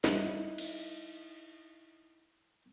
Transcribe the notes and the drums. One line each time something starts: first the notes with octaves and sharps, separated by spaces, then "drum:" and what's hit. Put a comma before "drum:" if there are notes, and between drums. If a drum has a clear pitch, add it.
D2 G2 D#4 E4, drum: snare
drum: cymbal